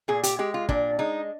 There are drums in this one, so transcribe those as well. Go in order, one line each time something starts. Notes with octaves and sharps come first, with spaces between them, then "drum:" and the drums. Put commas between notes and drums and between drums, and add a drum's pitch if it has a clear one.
A#2 G#4
G4, drum: hi-hat
G#3 G4
F4
A#2 D4, drum: kick
G#3 D#4